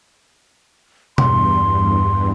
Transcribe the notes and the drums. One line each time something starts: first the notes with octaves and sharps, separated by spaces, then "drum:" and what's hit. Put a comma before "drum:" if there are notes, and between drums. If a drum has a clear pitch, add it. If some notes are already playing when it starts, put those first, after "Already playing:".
E2 G2 C6, drum: tom B2